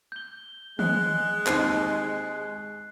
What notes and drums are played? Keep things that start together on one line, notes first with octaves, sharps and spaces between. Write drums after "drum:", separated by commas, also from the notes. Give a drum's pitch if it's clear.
G6 G7
G#3 F#6, drum: tom D#3
D#2 C4 C7, drum: clap